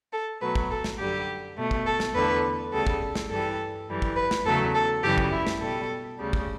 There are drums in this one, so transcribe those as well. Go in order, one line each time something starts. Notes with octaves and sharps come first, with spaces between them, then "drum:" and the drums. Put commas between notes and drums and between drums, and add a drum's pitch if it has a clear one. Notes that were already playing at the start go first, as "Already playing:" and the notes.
A4
B2 F#3 A3 B4
drum: kick
A4
drum: snare
F#2 D3 G3 G4
B2 A3
drum: kick
A4
drum: snare
E2 D3 A3 B4
D2 C#3 G3 A4
drum: kick
drum: snare
G2 E3 G3 A4
F#2 E3 G3
drum: kick
B4
drum: snare
E2 C#3 F#3 A3 A4
A4
F#2 C#3 E3 G3 G4
drum: kick
E4
drum: snare
B2 G3 A4
D2 C#3 G3
drum: kick